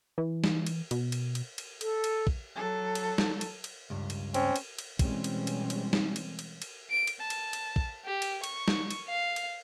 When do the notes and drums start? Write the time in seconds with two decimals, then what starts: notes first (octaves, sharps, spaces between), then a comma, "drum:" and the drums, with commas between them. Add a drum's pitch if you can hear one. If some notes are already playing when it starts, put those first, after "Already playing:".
0.18 E3
0.44 drum: snare
0.67 drum: cymbal
0.91 B2, drum: cymbal
1.12 drum: cymbal
1.35 drum: cymbal
1.58 drum: cymbal
1.81 A4, drum: cymbal
2.04 drum: cymbal
2.27 drum: kick
2.56 F#3 A4
2.95 drum: cymbal
3.18 drum: snare
3.41 drum: cymbal
3.64 drum: cymbal
3.90 C#2 G2
4.10 drum: cymbal
4.34 C4 C#4, drum: cymbal
4.56 drum: cymbal
4.79 drum: cymbal
4.99 B2 E3 G3 G#3 C4 C#4, drum: kick, cymbal
5.24 drum: cymbal
5.47 drum: cymbal
5.70 drum: cymbal
5.93 drum: snare
6.16 drum: cymbal
6.39 drum: cymbal
6.62 drum: cymbal
6.90 D7
7.07 drum: cymbal
7.20 A5
7.30 drum: cymbal
7.53 drum: cymbal
7.76 drum: kick
8.05 G4
8.22 drum: cymbal
8.44 C#6, drum: cymbal
8.68 drum: snare
8.91 drum: cymbal
9.08 F5
9.36 drum: cymbal